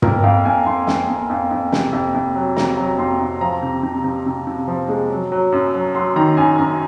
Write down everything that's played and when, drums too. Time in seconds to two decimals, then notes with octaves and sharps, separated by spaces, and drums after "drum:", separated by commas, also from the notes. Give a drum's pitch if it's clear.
0.02 F2 A#4, drum: tom
0.24 F2 F5
0.45 F2 G#5
0.66 F2 C6
0.87 F2, drum: snare
1.08 F2
1.30 F2
1.51 F2
1.72 C3, drum: snare
1.93 F2
2.14 F2
2.35 F#3
2.56 C3 A#5, drum: snare
2.77 F#3
2.98 F2 C6
3.20 F2
3.41 F3 A#5
3.62 C3
3.83 C3
4.04 C3
4.26 C3
4.47 C3
4.68 F3
4.89 G#3
5.10 F#3
5.32 F#3
5.52 F#2
5.74 F#3
5.95 F#3 C6
6.16 D#3 A#5
6.37 F#2 G#5
6.58 F#2 A#5